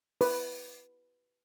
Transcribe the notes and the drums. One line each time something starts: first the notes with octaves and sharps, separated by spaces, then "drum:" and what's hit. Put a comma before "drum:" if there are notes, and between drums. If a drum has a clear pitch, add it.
B4, drum: open hi-hat